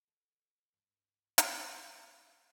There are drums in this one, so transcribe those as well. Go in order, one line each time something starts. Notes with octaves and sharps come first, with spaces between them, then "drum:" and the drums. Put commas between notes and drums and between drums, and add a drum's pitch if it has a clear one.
A4
G2
drum: hi-hat